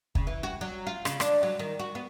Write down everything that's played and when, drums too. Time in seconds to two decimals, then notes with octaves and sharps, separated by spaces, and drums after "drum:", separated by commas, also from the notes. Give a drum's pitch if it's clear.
0.15 C#3, drum: kick
0.27 E3
0.43 F#4
0.61 F#3
0.87 F4
1.05 C#3, drum: rim click
1.20 D4, drum: rim click
1.43 F#3
1.59 D#3
1.79 F#4
1.95 B3